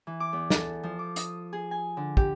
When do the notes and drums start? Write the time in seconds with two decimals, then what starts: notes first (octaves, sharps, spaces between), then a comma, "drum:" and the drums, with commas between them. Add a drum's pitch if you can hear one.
0.07 E3
0.20 D6
0.33 E2
0.50 A4, drum: snare
0.83 F3
0.99 D6
1.16 D#6, drum: hi-hat
1.53 G#4
1.71 G#5
1.97 D3
2.17 G4, drum: kick